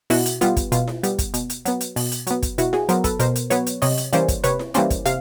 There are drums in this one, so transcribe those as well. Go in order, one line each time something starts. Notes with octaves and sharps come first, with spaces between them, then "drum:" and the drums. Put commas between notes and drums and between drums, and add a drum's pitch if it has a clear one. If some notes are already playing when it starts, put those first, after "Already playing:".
B2 E4 F#4, drum: open hi-hat
drum: hi-hat
G3 B3 F4, drum: hi-hat
drum: kick, hi-hat
B2 F4, drum: hi-hat
drum: snare E4
G3 B3, drum: hi-hat
drum: kick, hi-hat
B2, drum: hi-hat
drum: hi-hat
F#3 B3, drum: hi-hat
drum: hi-hat
B2, drum: open hi-hat
drum: hi-hat
F#3 B3, drum: hi-hat
drum: kick, hi-hat
B2 E4 F#4, drum: hi-hat
F#4 G#4, drum: snare E4
F#3 B3 A#4 C5, drum: hi-hat
A4 B4, drum: kick, hi-hat
B2 A#4 C5, drum: hi-hat
drum: hi-hat
F#3 B3 B4 C#5, drum: hi-hat
drum: hi-hat
C3 C#5 D#5, drum: open hi-hat
drum: hi-hat
E3 G3 A#3 C#4 C5 D5, drum: hi-hat
drum: kick, hi-hat
C3 B4 C#5, drum: hi-hat
drum: snare E4
E3 G3 A#3 C#4 C5 D5, drum: hi-hat
drum: kick, hi-hat
C3 F5, drum: hi-hat